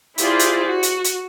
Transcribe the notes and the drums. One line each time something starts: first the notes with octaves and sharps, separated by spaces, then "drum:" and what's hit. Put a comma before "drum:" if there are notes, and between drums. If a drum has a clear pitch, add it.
E4 F4 G4 G#4 C5 D5, drum: hi-hat
drum: hi-hat
F#4
drum: hi-hat
drum: hi-hat